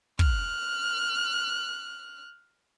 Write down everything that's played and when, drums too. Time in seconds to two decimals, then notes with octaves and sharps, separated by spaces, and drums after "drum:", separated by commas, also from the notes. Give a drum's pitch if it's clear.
0.19 F6 F#6, drum: kick